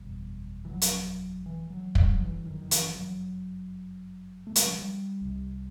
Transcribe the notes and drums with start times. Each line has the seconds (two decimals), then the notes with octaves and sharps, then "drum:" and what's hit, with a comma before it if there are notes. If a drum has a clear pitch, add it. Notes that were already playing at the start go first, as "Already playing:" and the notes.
Already playing: F#1 E2 B2 G3
0.65 E3
0.70 F#3
0.82 drum: hi-hat
1.46 E3
1.70 F#3
1.95 G3, drum: kick
2.14 F#3
2.21 G1 F#2 E3
2.46 D#3
2.62 D#3
2.71 E3, drum: hi-hat
2.95 F#3
4.47 A3
4.56 G3, drum: hi-hat
4.65 F#3
4.75 G3
5.21 C2 C3